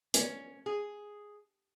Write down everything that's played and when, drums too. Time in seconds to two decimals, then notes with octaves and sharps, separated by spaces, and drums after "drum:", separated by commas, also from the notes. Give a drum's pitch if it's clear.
0.14 C#4, drum: hi-hat
0.66 G#4